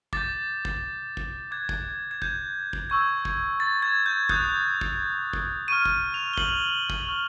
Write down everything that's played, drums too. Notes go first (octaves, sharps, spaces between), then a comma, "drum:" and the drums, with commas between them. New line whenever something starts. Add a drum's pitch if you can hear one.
D6 G6 A6, drum: kick
drum: kick
drum: kick
D6 F#6 G#6
drum: kick
G#6
G6, drum: kick
drum: kick
C#6 E6 G6 G#6
drum: kick
A6
G#6
G6
D#6 F#6 G6, drum: kick
drum: kick
drum: kick
C#6 F6 D#7
drum: kick
F7
G7
F#7, drum: kick
drum: kick
C#6 F6